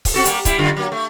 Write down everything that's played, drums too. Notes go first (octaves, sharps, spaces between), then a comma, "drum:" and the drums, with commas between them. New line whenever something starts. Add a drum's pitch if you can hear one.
drum: kick C#1, open hi-hat
C4 F#4 A4
G3 A#3, drum: hi-hat
G3 E4, drum: kick C#1, hi-hat
F#2 D3 F4
F#3 A#3
A3